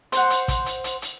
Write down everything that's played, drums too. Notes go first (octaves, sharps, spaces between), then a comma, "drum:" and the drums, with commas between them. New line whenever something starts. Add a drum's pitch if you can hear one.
C5 F#5, drum: hi-hat
drum: hi-hat
drum: kick, hi-hat
drum: hi-hat
drum: hi-hat
drum: hi-hat